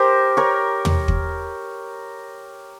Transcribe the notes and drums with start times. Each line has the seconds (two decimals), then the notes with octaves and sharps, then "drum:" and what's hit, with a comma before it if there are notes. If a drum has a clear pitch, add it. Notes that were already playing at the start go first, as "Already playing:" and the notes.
Already playing: G4 A#4 C5
0.37 A#4 C#5
0.85 drum: tom
1.08 drum: kick